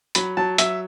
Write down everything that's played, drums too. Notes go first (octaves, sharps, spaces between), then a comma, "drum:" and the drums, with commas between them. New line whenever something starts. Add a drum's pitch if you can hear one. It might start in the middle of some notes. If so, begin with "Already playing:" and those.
F#3 B5, drum: hi-hat
F#3 A5
F#3 E5, drum: hi-hat